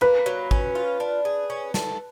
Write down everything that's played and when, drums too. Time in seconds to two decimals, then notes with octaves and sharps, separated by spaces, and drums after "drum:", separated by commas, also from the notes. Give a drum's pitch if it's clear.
0.01 A#3 B4
0.26 F#3
0.51 C#4, drum: kick
0.75 F4
1.00 D4
1.25 G#4
1.50 C#4
1.74 A3, drum: snare